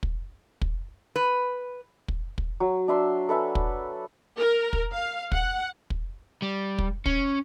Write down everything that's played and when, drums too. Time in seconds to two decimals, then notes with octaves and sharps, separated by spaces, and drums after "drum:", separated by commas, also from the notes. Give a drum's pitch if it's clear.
0.03 drum: kick
0.61 drum: kick
1.16 B4
2.08 drum: kick
2.38 drum: kick
2.60 F#3
2.88 D4 E5 C6 E6
3.29 A4 B4 E5 G#5
3.55 drum: kick
4.37 A#4
4.73 drum: kick
4.93 F5
5.32 F#5, drum: kick
5.90 drum: kick
6.42 G3
6.78 drum: kick
7.06 C#4, drum: kick